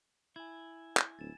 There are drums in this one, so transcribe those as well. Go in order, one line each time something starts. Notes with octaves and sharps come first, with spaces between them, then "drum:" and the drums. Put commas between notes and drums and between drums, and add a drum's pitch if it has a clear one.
E4 G#5 G#6
drum: clap
D1 A6 E7